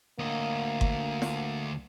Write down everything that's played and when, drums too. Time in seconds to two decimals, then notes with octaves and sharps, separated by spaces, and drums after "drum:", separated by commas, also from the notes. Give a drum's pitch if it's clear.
0.20 D2 A#3 D#5
0.81 drum: kick G1
1.22 drum: snare